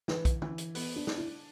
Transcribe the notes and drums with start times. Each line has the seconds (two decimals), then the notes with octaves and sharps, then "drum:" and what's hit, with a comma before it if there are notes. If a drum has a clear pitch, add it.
0.08 E3 B4, drum: snare
0.25 drum: kick B1, hi-hat
0.42 E3, drum: tom
0.58 drum: hi-hat
0.75 B3, drum: open hi-hat
0.96 D4
1.07 D4, drum: snare
1.18 E4